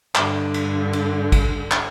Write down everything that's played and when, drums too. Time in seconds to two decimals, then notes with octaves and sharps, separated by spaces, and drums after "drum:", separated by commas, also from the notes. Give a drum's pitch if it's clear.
0.15 G2 D3, drum: clap
0.54 drum: cymbal
0.93 drum: cymbal
1.32 drum: kick, cymbal
1.71 drum: clap